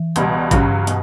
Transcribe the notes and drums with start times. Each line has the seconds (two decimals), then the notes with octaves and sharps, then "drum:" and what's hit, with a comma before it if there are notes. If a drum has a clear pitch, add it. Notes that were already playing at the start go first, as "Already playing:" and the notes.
Already playing: E3
0.16 C#2 B2 G3, drum: hi-hat
0.51 C#2 G2 C#3 F#3 C#4, drum: kick, hi-hat
0.87 B2, drum: hi-hat